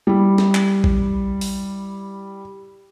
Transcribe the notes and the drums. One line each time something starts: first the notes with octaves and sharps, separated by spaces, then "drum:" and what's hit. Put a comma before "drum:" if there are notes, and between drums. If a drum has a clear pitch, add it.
G3 E4
drum: snare
drum: clap
drum: kick A#1
drum: open hi-hat